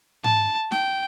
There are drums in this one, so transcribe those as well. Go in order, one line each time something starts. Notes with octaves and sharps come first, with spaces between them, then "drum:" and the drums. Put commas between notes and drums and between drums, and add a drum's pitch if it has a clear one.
A5, drum: tom G#2
G5, drum: snare